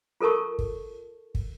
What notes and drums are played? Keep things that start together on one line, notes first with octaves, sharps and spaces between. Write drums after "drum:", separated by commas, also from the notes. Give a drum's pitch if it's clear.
F4 A4 A#4 A5 C#6
drum: kick
drum: kick